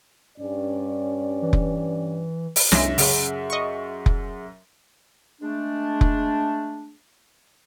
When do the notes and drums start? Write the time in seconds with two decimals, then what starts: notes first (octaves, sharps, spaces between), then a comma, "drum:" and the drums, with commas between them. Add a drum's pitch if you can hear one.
0.38 G2 C#4 D5
1.42 E3
1.53 drum: kick F1
2.56 drum: open hi-hat
2.72 C2 F#2 G#3 D4 C#5 E5 A#6, drum: snare
2.98 C#3 G#4 F#5, drum: open hi-hat
3.50 D#5 C#6
4.06 drum: kick F1
5.41 G#3 A3 D4
6.01 drum: kick F1